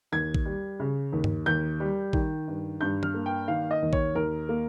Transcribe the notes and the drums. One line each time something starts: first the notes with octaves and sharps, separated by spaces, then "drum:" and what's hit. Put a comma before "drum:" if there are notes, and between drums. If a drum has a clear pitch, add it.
D#2 G#6
drum: kick
G3
C#3
D#2
drum: tom G2
D#2 G6
G3
D#3, drum: kick
G2
G2 G6
F6, drum: tom
A#3
G5
D#3 F5
D#5
D#2
C#5, drum: kick
D#2 A#4
A#3